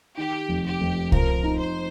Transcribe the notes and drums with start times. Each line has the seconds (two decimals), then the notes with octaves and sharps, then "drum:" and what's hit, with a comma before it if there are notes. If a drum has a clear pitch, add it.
0.17 D#3 G4
0.49 F1
0.65 G4
0.81 F1
1.12 F3 A#4, drum: kick C2
1.44 D#4
1.60 C5